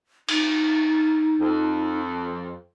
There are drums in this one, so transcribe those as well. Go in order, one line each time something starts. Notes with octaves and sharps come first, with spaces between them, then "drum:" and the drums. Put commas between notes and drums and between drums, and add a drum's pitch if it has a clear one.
D#4, drum: cymbal
F2